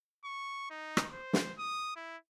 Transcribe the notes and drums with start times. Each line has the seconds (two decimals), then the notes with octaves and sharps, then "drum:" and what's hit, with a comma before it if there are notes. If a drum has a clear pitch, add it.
0.24 C#6
0.70 D#4
0.97 drum: rim click
1.12 C5
1.33 drum: snare
1.58 D#6
1.96 E4